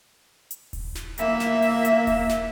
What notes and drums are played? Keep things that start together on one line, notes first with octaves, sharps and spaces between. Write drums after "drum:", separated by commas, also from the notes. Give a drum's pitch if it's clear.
drum: hi-hat
drum: kick D#1, open hi-hat
drum: snare
A#3 E5, drum: hi-hat
drum: snare
drum: open hi-hat
drum: hi-hat
drum: kick D#1, open hi-hat
drum: snare